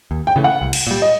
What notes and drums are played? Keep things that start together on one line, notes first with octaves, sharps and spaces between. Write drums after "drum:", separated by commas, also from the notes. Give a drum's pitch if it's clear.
D#2
G5
C#3 E3 A3
F#5
C2
drum: cymbal
A#2 G3
D#5